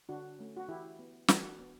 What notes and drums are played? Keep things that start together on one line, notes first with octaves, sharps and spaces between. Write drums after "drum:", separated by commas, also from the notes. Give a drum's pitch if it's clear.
D3 D4 F#4
A3 C#4
F#4
E3 E4 G4
B3
E3 D4 F#4, drum: snare
B3